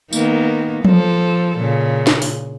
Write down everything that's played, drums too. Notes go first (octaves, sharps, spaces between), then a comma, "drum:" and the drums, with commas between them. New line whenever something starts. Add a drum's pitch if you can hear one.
D#3 A#3 B3, drum: tambourine
F3 A4, drum: tom F3
A#2 C#3
drum: snare
drum: open hi-hat